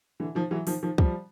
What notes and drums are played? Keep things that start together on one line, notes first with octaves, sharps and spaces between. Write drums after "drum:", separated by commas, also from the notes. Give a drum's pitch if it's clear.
D3 E3
D#3 F3
E3 F#3
D#3 F3, drum: open hi-hat
D#3 F3
F3 G3, drum: kick